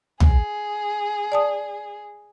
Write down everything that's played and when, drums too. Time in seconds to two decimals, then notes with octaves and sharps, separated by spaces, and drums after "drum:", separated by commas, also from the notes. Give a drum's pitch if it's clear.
0.20 G#4, drum: tom B1
1.32 D5 A5 D#6